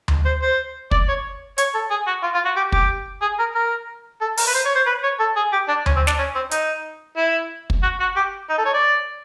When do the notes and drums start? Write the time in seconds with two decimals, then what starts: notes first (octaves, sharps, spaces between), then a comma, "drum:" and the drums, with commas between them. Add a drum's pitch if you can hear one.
0.08 drum: tom D2
0.25 C5
0.42 C5
0.91 D5, drum: kick
1.08 C#5
1.58 C#5, drum: hi-hat
1.74 A4
1.90 G#4
2.07 F#4
2.23 F4
2.34 F4
2.45 F#4
2.56 G4
2.72 G4, drum: kick
3.21 G#4
3.39 A#4
3.55 A#4
4.21 A4
4.37 A#4, drum: open hi-hat
4.47 B4
4.54 C5
4.65 C#5
4.75 C5
4.86 B4
5.03 C#5
5.19 A4
5.36 G#4
5.53 G4
5.68 D4
5.86 C#4, drum: tom D2
5.96 C4
6.07 D4, drum: snare
6.18 C#4
6.35 C4
6.51 D#4, drum: hi-hat
7.17 E4
7.70 drum: kick
7.83 F#4
8.00 F#4
8.16 G4
8.49 D#4
8.58 A4
8.65 C#5
8.74 D5